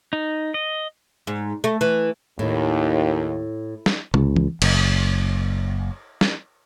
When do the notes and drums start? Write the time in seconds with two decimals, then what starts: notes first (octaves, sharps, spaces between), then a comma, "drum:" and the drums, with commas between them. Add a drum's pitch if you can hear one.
0.13 D#4
0.54 D#5
1.27 G#2
1.64 A3
1.81 E3
2.39 D#2 A2
3.86 drum: snare
4.14 C#2, drum: tom
4.36 drum: tom E3
4.62 F#1, drum: cymbal
6.21 drum: snare